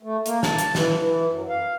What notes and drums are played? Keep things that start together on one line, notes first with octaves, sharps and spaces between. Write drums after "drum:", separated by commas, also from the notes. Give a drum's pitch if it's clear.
A3
A#3, drum: hi-hat
A5, drum: snare
drum: hi-hat
E3, drum: snare
E3
F#2
F5